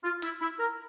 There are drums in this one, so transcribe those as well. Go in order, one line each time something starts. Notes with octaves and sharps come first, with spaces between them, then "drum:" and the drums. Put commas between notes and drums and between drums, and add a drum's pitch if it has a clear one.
F4
E4, drum: hi-hat
E4
A#4